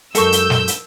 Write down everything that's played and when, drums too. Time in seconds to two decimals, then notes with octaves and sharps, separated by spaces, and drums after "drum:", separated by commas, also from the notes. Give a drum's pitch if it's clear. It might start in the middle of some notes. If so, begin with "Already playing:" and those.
0.15 F#2 G#3 A4 A#4 C#6 E6 G6, drum: hi-hat
0.32 drum: hi-hat
0.50 drum: snare
0.68 drum: hi-hat